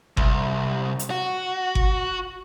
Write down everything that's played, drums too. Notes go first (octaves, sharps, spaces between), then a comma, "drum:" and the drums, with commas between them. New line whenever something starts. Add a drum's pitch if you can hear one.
C2, drum: kick G1
drum: hi-hat
F#4
drum: kick G1